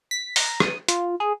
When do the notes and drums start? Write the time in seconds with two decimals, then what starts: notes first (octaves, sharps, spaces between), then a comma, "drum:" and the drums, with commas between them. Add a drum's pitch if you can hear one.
0.11 B6
0.36 A#5, drum: open hi-hat
0.60 D#6, drum: rim click
0.88 F4, drum: hi-hat
1.20 G#4